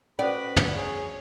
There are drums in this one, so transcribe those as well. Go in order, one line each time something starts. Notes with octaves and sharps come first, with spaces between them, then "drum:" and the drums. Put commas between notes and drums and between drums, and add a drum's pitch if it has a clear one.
C#4 F#4 A4 B4 C5 D5 B5
drum: tom
G#4 C#5